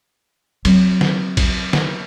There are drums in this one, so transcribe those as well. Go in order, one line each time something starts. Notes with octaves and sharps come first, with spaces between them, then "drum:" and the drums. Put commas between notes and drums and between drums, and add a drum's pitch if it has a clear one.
F#3 C4, drum: cymbal
drum: snare
drum: kick, cymbal
drum: snare